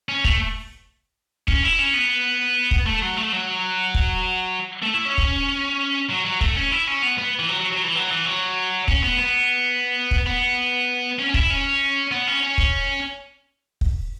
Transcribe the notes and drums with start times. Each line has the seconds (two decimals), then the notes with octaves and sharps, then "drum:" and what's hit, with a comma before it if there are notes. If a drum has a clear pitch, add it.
0.09 C#4
0.24 A3, drum: kick
1.48 C#4, drum: kick
1.63 E4
1.79 C#4
1.94 B3
2.71 drum: kick
2.87 A3
3.02 F#3
3.17 A3
3.33 F#3
3.94 drum: kick
4.83 A3
4.94 E4
5.06 C#4
5.18 drum: kick
6.10 F#3
6.26 F#3
6.41 A3, drum: kick
6.57 C#4
6.72 E4
6.88 C#4
7.02 B3
7.18 B3
7.39 E3
7.48 F#3
7.61 F#3
7.72 F#3
7.84 E3
7.95 F#3
8.11 E3
8.26 F#3
8.88 C#4, drum: kick
9.03 B3
9.19 B3
10.11 drum: kick
10.26 B3
11.19 C#4
11.29 C#4
11.34 E4, drum: kick
11.50 C#4
12.11 B3
12.27 C#4
12.43 C#4
12.58 drum: kick
13.81 drum: kick